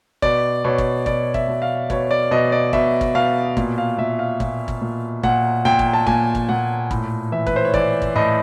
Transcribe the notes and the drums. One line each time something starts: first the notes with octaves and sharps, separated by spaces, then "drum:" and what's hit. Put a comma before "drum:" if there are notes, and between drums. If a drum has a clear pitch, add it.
B2 D5, drum: kick G#1
B2 C#5
drum: kick G#1
B2 D5, drum: kick G#1
E5, drum: kick G#1
B2
F5
B2 C#5, drum: kick G#1
D5
B2 D#5
D5
B2 E5, drum: kick G#1
drum: kick G#1
B2 F5
A#2, drum: kick G#1
F5
A#2 E5
F5
A#2, drum: kick G#1
drum: kick G#1
A#2
A#2 F#5, drum: kick G#1
A#2 G5
drum: kick G#1
A5
A#2 G#5, drum: kick G#1
drum: kick G#1
A#2 F#5
A2, drum: kick G#1
E3 E5
B4, drum: kick G#1
C5
C#5
E3 D5, drum: kick G#1
drum: kick G#1
A2 D#5